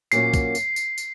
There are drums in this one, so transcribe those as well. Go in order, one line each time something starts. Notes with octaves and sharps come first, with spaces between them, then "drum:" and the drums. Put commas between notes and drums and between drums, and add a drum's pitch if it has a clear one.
A#2 F#3 A#3 C#4 F#4 C7, drum: tambourine
drum: kick, tambourine
drum: tambourine
drum: tambourine
drum: tambourine